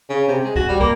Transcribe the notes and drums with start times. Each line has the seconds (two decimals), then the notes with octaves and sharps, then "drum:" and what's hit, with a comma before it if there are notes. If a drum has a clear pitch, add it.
0.10 C#3
0.27 C3
0.44 G#3
0.56 F#4, drum: kick
0.68 G3
0.80 A#3, drum: kick